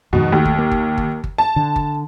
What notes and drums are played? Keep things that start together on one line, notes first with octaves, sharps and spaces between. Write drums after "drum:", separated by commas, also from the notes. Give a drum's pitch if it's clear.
F2 G#2 B2 D#3
D#2 A3
drum: kick G1
A#3
drum: kick G1
drum: kick G1
drum: kick G1
A5
D3
drum: kick G1